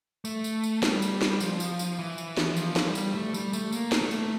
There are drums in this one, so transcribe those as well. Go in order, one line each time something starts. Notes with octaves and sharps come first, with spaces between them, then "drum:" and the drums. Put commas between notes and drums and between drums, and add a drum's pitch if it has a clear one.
A3, drum: tambourine
drum: tambourine
drum: tambourine
G3, drum: snare
drum: tambourine
drum: snare
F3, drum: tambourine
drum: tambourine
drum: tambourine
E3
drum: tambourine
drum: snare
F3, drum: tambourine
drum: snare
G3
drum: tambourine
A3
G3, drum: tambourine
A3, drum: tambourine
A#3, drum: tambourine
drum: snare
A3
drum: tambourine